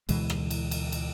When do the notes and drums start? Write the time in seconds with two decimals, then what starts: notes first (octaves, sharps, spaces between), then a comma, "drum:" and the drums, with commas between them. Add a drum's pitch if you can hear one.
0.09 D2 B2 E3 G#3, drum: cymbal
0.30 drum: rim click
0.51 drum: cymbal
0.71 drum: cymbal
0.92 drum: cymbal